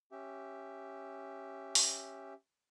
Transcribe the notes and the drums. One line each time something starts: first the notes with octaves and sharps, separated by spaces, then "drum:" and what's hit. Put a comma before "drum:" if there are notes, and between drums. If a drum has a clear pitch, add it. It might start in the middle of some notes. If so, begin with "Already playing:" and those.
C#4 G4 E5
drum: open hi-hat